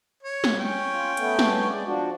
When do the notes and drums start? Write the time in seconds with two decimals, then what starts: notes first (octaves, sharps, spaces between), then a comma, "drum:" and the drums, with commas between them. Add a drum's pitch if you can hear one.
0.23 C#5
0.44 drum: snare
0.59 C#4 G5
0.92 F4
1.17 A3 B3, drum: hi-hat
1.39 drum: snare
1.68 G#3 D5
1.86 F3 D4 F#4